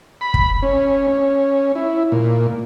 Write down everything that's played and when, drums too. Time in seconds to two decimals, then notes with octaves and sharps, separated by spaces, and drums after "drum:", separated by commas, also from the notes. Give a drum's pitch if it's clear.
0.21 B5
0.34 drum: kick
0.62 C#4
1.08 C#4
1.75 E4
2.12 A#2